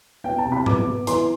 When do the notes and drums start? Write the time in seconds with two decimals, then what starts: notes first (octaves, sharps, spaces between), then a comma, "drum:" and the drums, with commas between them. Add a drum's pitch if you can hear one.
0.24 B3 G5
0.38 A5
0.45 C3
0.52 B5
0.66 B3 D6, drum: tom G#2
0.87 B3
1.07 E3 C6, drum: hi-hat